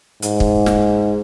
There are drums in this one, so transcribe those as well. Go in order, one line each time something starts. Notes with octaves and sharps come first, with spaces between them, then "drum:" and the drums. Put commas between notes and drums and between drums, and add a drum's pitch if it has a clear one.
G#2, drum: hi-hat
drum: kick
drum: snare